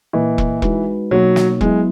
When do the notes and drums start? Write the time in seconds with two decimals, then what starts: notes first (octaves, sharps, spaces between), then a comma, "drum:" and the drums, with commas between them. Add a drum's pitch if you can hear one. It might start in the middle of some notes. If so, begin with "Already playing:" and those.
0.13 A#2 E3 A#3 E4 B4 D#5
0.38 drum: kick E1
0.62 G#3 D#4 F#4 B4, drum: kick E1
1.11 B2 F#3 A#3 D#4 F#4 C#5
1.36 drum: snare
1.61 F#3 G#3 B3 E4, drum: kick E1